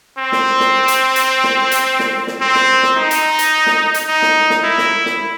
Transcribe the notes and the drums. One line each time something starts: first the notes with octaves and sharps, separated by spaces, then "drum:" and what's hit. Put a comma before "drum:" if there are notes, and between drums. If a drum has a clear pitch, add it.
C4
drum: snare
drum: snare
drum: hi-hat
drum: hi-hat
drum: snare
drum: hi-hat
drum: snare
drum: snare
C4
drum: snare
drum: snare
D#4
drum: hi-hat
drum: hi-hat
drum: snare
drum: hi-hat
D#4
drum: snare
drum: snare
E4
drum: snare
drum: snare